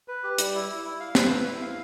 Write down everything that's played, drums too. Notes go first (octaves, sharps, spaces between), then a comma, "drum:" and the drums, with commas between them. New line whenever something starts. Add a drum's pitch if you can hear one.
B4
G4
G3, drum: hi-hat
E4
E4
E4
F5
B4, drum: snare
E4
E4
F5